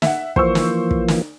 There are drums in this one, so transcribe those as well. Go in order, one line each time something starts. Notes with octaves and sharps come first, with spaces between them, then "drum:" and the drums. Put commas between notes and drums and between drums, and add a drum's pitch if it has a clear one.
E5 F#5, drum: snare
E3 F3 A#3 C5 C#6 E6, drum: kick
drum: snare
drum: kick
drum: snare